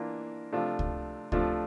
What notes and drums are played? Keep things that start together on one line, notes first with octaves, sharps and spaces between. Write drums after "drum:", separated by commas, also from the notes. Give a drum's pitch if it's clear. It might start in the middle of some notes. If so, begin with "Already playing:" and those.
Already playing: E3 A#3 D4 F4
C3 F3 A3 D4 F4
drum: kick C#2
C3 F3 A3 D4 F4, drum: kick C#2